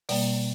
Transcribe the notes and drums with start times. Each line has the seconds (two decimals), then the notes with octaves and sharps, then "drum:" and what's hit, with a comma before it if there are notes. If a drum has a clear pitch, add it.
0.09 B2 G3 A#3 D5, drum: open hi-hat